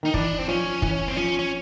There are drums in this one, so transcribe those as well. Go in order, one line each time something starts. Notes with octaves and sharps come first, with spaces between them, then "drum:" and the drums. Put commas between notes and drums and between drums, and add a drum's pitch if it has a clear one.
D#3 D#4
E3 D4, drum: kick
C4
F3 C#4
E3, drum: kick
C4
F3 C#4
C#4